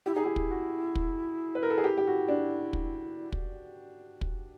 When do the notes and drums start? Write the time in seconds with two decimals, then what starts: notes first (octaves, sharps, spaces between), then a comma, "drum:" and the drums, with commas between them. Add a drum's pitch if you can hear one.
0.06 E4 G4
0.15 D#4 G#4
0.24 E4 G4
0.36 drum: kick
0.50 F#4
0.95 drum: kick
1.55 B4
1.63 A#4
1.70 A4
1.78 G#4
1.84 G4
1.98 G4
2.07 F#4
2.28 D4
2.73 drum: kick
3.32 drum: kick
4.21 drum: kick